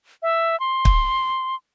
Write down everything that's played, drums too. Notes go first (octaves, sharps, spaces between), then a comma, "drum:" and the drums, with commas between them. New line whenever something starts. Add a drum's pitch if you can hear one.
E5
C6
drum: kick